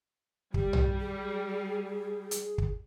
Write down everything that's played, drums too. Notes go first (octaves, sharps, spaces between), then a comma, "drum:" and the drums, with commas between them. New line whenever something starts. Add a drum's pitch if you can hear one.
G3 G4, drum: kick
drum: tom B1
G#4
drum: hi-hat
drum: kick